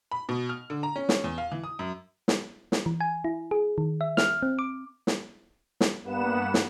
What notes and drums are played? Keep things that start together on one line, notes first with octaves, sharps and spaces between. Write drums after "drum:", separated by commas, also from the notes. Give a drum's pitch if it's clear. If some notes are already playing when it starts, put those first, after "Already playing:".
B5
B2
F6
D3
A#5
C#4
C#4, drum: snare
E2
F5
E3
D#6
F#2
drum: snare
drum: snare
E3
G#5
E4
G#4
D#3
E5
F6, drum: snare
C4
D6
drum: snare
drum: snare
G2 A#3 B3 B4 F#5 E7
drum: snare